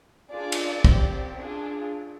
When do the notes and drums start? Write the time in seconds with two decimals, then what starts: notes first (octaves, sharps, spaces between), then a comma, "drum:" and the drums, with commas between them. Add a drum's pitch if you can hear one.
0.31 D4 F4 G#4 D5
0.52 drum: cymbal
0.85 C4 G4, drum: kick
1.39 D4 F4 G#4